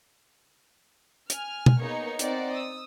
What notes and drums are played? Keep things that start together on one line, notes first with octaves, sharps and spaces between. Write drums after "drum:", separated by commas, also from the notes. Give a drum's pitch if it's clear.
G#5 F6, drum: hi-hat
drum: tom B2
A#3 B3 D#4 G#4 C#5 C#7
C4 D#4 D5 F#5, drum: hi-hat
D#6 E6